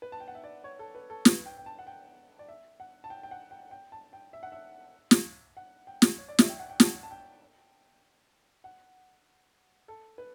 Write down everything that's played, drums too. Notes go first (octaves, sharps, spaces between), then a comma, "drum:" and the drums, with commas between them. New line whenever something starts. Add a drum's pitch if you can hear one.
B4
A5
G5
F#5
E5
D5
C#5
A4
B4
A4
B4, drum: snare
G5
G5
A5
F#5
G5
D5
E5
F#5
A5
G5
G5
F#5
G5
G5
A5
G5
E5
F#5
E5
drum: snare
F#5
G5
drum: snare
C#5
D5
E5, drum: snare
G5
F#5
G5
A5, drum: snare
A5
G5
F#5
A4
B4